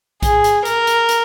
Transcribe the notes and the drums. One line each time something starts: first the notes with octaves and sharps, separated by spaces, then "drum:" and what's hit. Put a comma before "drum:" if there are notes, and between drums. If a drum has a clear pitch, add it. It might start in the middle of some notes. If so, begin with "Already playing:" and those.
G#4, drum: kick A#1, hi-hat
drum: hi-hat
A#4, drum: hi-hat
drum: hi-hat
drum: hi-hat